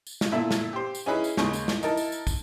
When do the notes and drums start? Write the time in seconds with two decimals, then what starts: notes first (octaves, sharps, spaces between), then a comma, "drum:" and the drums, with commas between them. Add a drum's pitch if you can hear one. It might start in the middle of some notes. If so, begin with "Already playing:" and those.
0.07 drum: tambourine
0.21 drum: snare
0.32 A#2 E4 A4 E5
0.51 drum: snare
0.73 G4 C5
0.95 drum: tambourine
1.06 C#4 D#4 E4 G#4 B4
1.24 drum: tambourine
1.37 D#2 C#3 G#3, drum: snare
1.53 drum: tambourine
1.68 drum: snare
1.83 D#4 E4 A#4 A5, drum: tambourine
1.97 drum: tambourine
2.12 drum: tambourine
2.27 drum: kick, tambourine